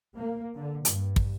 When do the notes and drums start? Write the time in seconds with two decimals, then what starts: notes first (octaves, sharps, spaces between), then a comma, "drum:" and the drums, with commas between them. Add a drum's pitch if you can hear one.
0.15 A#3
0.55 D3
0.85 G2, drum: hi-hat
1.16 drum: kick